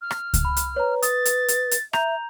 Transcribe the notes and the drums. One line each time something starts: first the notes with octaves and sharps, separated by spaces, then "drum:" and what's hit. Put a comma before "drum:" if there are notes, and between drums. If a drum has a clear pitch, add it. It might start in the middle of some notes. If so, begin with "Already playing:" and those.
F6
drum: rim click
drum: kick C#2, hi-hat
B5
drum: hi-hat
B4 C#5 A#5
D#6 A6, drum: hi-hat
drum: hi-hat
drum: hi-hat
drum: hi-hat
E5 A#5 G6 F7, drum: rim click